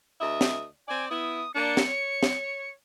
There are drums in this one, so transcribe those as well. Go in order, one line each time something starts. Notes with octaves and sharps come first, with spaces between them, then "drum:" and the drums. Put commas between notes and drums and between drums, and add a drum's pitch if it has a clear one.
D2 D#5 E5
drum: snare
C4 D5 G#5
B3 E4 D#6
A#3 D4 C#7
drum: snare
C#5
drum: snare